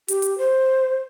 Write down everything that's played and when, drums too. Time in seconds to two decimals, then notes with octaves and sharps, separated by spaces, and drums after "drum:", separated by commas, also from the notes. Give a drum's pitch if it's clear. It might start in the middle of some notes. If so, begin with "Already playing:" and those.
0.08 G4, drum: hi-hat
0.22 drum: hi-hat
0.38 C5